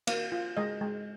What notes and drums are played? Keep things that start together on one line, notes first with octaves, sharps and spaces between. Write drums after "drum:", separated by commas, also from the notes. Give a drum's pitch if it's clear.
A#3 F5, drum: cymbal
F4
G#3 D#5
G#3